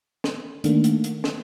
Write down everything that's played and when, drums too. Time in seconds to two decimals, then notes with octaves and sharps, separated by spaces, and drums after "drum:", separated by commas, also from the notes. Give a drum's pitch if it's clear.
0.24 drum: snare
0.64 D#3 A3 A#3 D4, drum: hi-hat
0.84 drum: hi-hat
1.04 drum: hi-hat
1.24 drum: snare